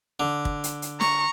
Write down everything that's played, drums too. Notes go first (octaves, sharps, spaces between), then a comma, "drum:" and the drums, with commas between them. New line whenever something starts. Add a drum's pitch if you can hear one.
D3
drum: kick
drum: hi-hat
drum: hi-hat
A#5 C#6, drum: snare